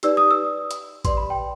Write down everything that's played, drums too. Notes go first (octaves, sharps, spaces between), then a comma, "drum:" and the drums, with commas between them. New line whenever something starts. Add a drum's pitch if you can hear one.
D#4 G4 B4 D5 E6, drum: hi-hat
D#6
E6
drum: hi-hat
G4 B4 D5 C6, drum: kick, hi-hat
B5
G5